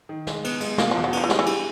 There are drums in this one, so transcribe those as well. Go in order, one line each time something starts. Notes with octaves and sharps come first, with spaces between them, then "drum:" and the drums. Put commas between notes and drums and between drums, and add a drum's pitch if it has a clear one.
D#3
G#3, drum: snare
B3, drum: cymbal
G#3, drum: cymbal
B2 A#3, drum: snare
E2 F3
F#3
F3 B3, drum: cymbal
E3
D#3 G3, drum: snare
E3
G3, drum: cymbal